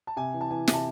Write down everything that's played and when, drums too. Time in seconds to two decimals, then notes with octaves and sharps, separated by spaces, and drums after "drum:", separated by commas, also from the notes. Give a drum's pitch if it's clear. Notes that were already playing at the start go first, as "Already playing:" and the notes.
0.07 A5
0.16 C3 G#5
0.34 E3
0.41 A5
0.51 E3 G#5
0.67 C3, drum: snare
0.73 A5